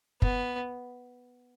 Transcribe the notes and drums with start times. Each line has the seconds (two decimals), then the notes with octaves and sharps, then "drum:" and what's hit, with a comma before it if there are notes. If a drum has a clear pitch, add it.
0.22 B3, drum: kick F#1